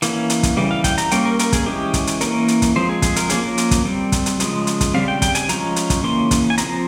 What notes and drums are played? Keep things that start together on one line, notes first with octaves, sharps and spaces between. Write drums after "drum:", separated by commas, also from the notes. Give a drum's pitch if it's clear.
E3 A#3 C#4, drum: hi-hat
drum: hi-hat
drum: kick, hi-hat
C#3 E3 G3
F5
G5, drum: kick, hi-hat
A#5, drum: hi-hat
G3 A#3 C#4 G5, drum: hi-hat
A#4
A#4, drum: hi-hat
G#4, drum: kick, hi-hat
E3 G#3 C#4 G4
drum: kick, hi-hat
drum: hi-hat
E3 A#3 C#4 A#4, drum: hi-hat
drum: hi-hat
drum: kick, hi-hat
F3 G#3 C4 C5
G#4
G#4, drum: kick, hi-hat
A#4, drum: hi-hat
F3 A#3 C#4 G#4, drum: hi-hat
A#4
drum: hi-hat
drum: kick, hi-hat
G3 C4
drum: kick, hi-hat
drum: hi-hat
C#3 F3 G#3, drum: hi-hat
drum: hi-hat
drum: kick, hi-hat
C#3 G3 C4 F5
G5
G5, drum: kick, hi-hat
G#5, drum: hi-hat
F3 G#3 C#4 A#5, drum: hi-hat
drum: hi-hat
drum: kick, hi-hat
C#3 E3 A#3 C#4 C6
drum: kick, hi-hat
G#5
F3 C4 A#5, drum: hi-hat